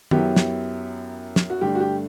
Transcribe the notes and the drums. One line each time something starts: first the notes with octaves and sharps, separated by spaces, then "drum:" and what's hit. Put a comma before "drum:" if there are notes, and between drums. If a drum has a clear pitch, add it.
F#2 F#3 B3 E4 G4, drum: tom
drum: snare
drum: snare
F#4
G2 D3 A3 D4 G4
F#4
G4